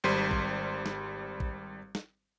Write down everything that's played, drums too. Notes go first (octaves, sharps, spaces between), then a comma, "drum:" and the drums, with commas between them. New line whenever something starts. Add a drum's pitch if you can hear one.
G#1 G3 C5 C6 B6 D#7
drum: kick A#1
drum: snare
drum: kick A#1
drum: snare